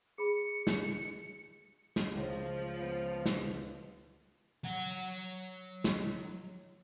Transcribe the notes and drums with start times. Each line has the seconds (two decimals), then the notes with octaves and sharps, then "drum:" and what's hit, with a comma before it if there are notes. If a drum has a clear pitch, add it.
0.18 G#4 B5 C#7
0.67 drum: snare
1.96 drum: snare
2.15 C#2 F3 A#6
2.80 B3
3.26 drum: snare
4.64 F#3 F#5
5.84 drum: snare